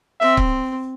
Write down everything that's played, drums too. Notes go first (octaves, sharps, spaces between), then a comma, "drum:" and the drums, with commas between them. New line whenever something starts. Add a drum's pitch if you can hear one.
C4 E5
drum: kick C#1